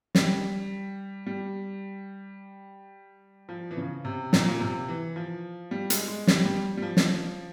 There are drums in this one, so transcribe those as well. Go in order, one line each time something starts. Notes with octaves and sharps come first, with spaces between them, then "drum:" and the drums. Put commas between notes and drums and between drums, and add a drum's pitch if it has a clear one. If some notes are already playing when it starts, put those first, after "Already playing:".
G3, drum: snare
G3
F3
E3
C#3
C3
A#2, drum: snare
A#2
C3
E3
F3
G3
G#3, drum: hi-hat
G#3
G3, drum: snare
G3
G3
F3
drum: snare